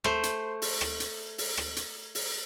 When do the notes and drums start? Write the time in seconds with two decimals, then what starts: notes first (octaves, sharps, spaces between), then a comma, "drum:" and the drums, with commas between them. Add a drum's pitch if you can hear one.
0.04 A3 C5, drum: rim click
0.23 drum: hi-hat
0.62 drum: open hi-hat
0.81 drum: rim click
1.00 drum: hi-hat
1.38 drum: open hi-hat
1.57 drum: rim click
1.76 drum: hi-hat
2.15 drum: open hi-hat